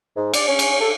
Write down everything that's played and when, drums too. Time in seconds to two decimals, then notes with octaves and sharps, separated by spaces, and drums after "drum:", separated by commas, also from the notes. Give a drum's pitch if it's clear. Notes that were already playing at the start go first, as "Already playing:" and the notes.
0.16 G#2
0.33 D5, drum: cymbal
0.48 C#4
0.59 drum: cymbal
0.80 A4